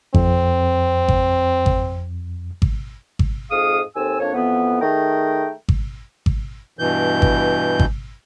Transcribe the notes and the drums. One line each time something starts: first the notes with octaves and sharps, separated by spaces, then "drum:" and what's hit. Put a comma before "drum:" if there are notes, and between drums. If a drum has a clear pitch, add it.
F2 C4, drum: kick G#1
drum: kick G#1
drum: kick G#1
drum: kick G#1
drum: kick G#1
F2 G#2 G#4 F5 D#6
D#2 C4 A4 G#5 E6
F2 A#3 D4 C#5
F2 E3 B3
D#3 A3 G#4 G5 A#5
drum: kick G#1
drum: kick G#1
G2 B2 E3 G6
drum: kick G#1
drum: kick G#1